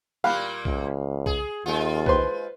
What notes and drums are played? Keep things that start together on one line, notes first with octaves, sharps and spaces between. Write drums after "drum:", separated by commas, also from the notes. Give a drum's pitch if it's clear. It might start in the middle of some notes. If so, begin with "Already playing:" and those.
A#2 G3 A#3 F5 B5 F#6
C#2, drum: kick B1
G#4, drum: kick B1
D#2 G#3 F4
B4 C5 C6, drum: kick B1